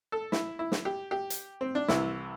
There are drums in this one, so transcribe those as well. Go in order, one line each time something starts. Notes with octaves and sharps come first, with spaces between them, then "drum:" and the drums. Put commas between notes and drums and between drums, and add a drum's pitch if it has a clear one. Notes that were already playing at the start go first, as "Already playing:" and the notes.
A4
E4, drum: snare
E4
drum: snare
G4
G4
drum: hi-hat
C4
D4
C2 C3 E3 E4, drum: snare